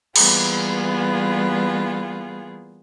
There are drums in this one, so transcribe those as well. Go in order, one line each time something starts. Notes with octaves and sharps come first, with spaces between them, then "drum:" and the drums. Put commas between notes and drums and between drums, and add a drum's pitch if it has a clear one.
E3 G3 A#3 B3 F4 G#4, drum: cymbal